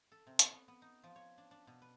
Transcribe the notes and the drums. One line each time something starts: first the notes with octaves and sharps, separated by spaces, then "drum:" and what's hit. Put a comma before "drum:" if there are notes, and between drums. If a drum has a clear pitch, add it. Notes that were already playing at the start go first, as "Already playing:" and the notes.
A4
C3
B3, drum: hi-hat
B3
B3
D#4
F3
C#5
D4
D4
B2
B4